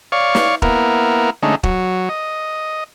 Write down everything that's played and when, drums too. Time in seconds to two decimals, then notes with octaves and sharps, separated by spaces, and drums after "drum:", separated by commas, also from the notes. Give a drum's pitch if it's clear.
0.12 C#5 D5 F5 C#6
0.35 drum: snare
0.62 A#3 B3 E4 A#4, drum: kick
1.43 D3 G#3 A3 C#4 D#4
1.63 F#3, drum: kick
2.09 D#5